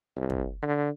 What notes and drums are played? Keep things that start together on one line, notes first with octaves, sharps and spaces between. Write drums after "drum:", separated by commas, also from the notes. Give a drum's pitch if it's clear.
C2
drum: kick
D3